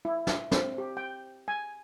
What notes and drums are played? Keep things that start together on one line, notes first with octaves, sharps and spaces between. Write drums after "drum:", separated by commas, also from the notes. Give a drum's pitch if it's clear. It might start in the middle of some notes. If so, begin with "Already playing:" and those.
E4
drum: snare
C4, drum: snare
G4
G5
G#5